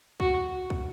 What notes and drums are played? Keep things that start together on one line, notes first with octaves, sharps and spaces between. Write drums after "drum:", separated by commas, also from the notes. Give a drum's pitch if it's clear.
F#4, drum: kick
drum: kick